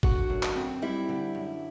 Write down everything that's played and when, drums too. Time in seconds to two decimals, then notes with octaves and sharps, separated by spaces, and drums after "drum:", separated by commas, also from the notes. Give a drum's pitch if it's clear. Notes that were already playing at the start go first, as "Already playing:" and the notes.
0.03 D3 F#4, drum: kick G1
0.30 F#2
0.43 drum: clap
0.55 C4
0.82 G3 E4
1.09 D3
1.35 F#2